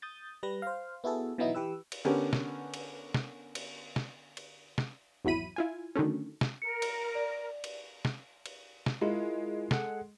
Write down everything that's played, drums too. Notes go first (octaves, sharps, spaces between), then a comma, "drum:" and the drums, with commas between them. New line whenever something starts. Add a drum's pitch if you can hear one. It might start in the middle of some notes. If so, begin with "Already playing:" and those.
D#6 G6 A6
G3 B4 A#6
C5 F5
B3 E4 F#4 G#4 A4
B2 E3 F#3 B3 D#4 E4
E3 G4 B4 E6
drum: cymbal
D3 B3 C#4 G4 A#4
drum: snare
drum: cymbal
drum: snare
drum: cymbal
drum: snare
drum: cymbal
drum: snare
G#1 E2 F#3 E4 B5 D#7
E4 F4 G#5
D3 D#3 F#3 A3 C#4
drum: snare
A#4 C#7
drum: cymbal
D5
drum: cymbal
drum: snare
drum: cymbal
drum: snare
G#3 E4 F4 A#4
G#4 A4 F#5, drum: snare